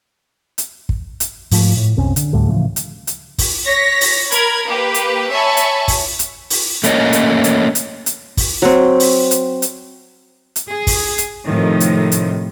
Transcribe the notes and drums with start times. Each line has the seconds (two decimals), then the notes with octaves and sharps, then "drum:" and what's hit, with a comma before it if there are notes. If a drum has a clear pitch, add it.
0.58 drum: hi-hat
0.89 drum: kick
1.20 drum: hi-hat
1.51 G#2 F3 A3, drum: open hi-hat
1.77 A2
1.97 F#1 C2 C4 C#4
2.16 D3, drum: hi-hat
2.33 D2 A2 G3 A3
2.49 A2 C#3 E3 F3
2.76 drum: hi-hat
3.07 drum: hi-hat
3.38 drum: kick, open hi-hat
3.65 C#5 A#6 B6
4.01 drum: open hi-hat
4.32 A#4 B5 G#6, drum: hi-hat
4.68 A#3 G4 B4
4.94 drum: hi-hat
5.31 C#5 E5 G#5 A5 B5 C#6
5.57 drum: hi-hat
5.88 drum: kick, open hi-hat
6.19 drum: hi-hat
6.50 drum: open hi-hat
6.84 A3 A#3 C#4 A#4 C#5 D#5, drum: hi-hat
7.13 drum: hi-hat
7.44 drum: hi-hat
7.75 drum: hi-hat
8.06 drum: hi-hat
8.37 drum: kick, open hi-hat
8.62 F#3 C4
9.00 drum: open hi-hat
9.31 drum: hi-hat
9.62 drum: hi-hat
10.56 drum: hi-hat
10.70 G#4
10.87 drum: kick, open hi-hat
11.18 drum: hi-hat
11.46 A2 C3 D#3 F3
11.80 drum: hi-hat
12.12 drum: hi-hat